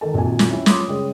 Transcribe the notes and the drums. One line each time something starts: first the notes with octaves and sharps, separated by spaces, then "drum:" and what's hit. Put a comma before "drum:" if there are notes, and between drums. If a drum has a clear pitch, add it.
D#3 A4 A5
A#1 F2 D#3 F#4 G#5
drum: snare
C#4 E4 G4
F4 C#5 B5 C6 D6 D#6, drum: snare
C#3 G3 G#3 C#5